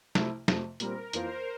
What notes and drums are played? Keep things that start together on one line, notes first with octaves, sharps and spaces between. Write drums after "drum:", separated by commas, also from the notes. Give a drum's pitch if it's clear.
C2 C3 F3 A3 E4, drum: snare
F2 C3 F3 A3, drum: snare
A#2 G3 C4 A#4, drum: hi-hat
F2 E3 A#3 F4 C5, drum: hi-hat